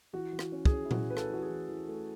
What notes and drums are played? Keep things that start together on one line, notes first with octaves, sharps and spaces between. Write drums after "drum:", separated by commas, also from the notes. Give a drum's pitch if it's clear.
E3 F#4
E3
F#4, drum: rim click
C#4
G#4, drum: kick
C#4
E4
E3 F#4, drum: tom A#2
A3 B4
A4, drum: rim click
E3 F#4
G#4
E3
E3
A3